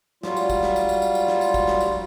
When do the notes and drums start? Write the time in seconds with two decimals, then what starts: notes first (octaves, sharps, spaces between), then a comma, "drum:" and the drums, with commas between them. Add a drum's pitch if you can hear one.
0.23 F#3 G3 F4, drum: snare
0.37 drum: tambourine
0.50 drum: kick, tambourine
0.63 drum: snare
0.76 drum: tambourine
0.89 drum: tambourine
1.02 drum: tambourine
1.15 drum: tambourine
1.28 drum: snare
1.41 drum: tambourine
1.54 drum: kick, tambourine
1.67 drum: snare
1.80 drum: tambourine